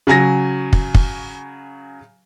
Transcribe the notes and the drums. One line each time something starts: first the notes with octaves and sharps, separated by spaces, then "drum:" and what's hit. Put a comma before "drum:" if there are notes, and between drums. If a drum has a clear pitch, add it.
C#3 F#3 G#5 A#6
drum: kick
drum: kick